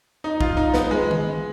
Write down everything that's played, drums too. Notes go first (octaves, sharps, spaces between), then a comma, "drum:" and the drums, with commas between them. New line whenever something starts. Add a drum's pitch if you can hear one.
D#4
F4, drum: kick B1
D#4
B3, drum: snare
G#3
drum: tom D#3